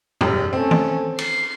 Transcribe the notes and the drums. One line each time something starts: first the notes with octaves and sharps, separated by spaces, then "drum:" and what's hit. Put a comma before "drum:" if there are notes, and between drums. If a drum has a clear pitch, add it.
E1 F#2 G4, drum: tom A2
A3 C4 C#4
drum: tom D#3
C7, drum: cymbal